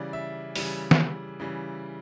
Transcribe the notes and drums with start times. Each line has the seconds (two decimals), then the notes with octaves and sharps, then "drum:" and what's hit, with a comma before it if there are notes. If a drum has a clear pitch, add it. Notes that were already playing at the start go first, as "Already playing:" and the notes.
Already playing: C#3 E3 G3 D5
0.13 E5
0.55 C#3 E3 G3, drum: open hi-hat
0.91 drum: snare
1.40 C#3 E3 G3